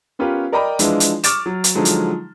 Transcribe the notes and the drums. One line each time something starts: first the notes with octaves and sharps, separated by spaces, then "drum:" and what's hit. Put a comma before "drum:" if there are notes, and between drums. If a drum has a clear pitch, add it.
B3 C#4 F4 G4 A#4 B4
A#4 D5 D#5 G5 A#5 B5
E3 F3 G#3 D4 E4 F4, drum: hi-hat
drum: hi-hat
C#6 D6 F6 A6 D7 E7, drum: hi-hat
F#3
drum: hi-hat
D3 F3 F#3 G#3 D#4
drum: hi-hat